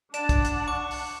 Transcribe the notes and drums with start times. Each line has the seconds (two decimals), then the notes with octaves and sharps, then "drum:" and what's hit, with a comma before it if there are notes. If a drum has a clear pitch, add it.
0.14 D4 D5 F#5 A5 E7, drum: hi-hat
0.29 drum: kick, hi-hat
0.45 drum: hi-hat
0.68 C#6 D6
0.91 drum: open hi-hat